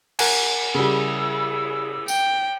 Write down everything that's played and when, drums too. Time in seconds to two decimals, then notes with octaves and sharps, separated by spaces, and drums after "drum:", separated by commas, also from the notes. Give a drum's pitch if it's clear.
0.19 A#4 F#5 G#5, drum: cymbal
0.75 C#3 G3 E4 G#4 E6
2.08 G5, drum: tambourine